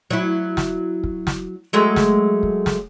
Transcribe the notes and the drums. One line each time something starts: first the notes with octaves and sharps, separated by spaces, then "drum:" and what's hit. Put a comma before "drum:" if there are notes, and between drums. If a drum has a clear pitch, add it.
F#3 E4
drum: snare
drum: kick
drum: snare
F#3 G#3 A3
drum: snare
drum: kick
drum: snare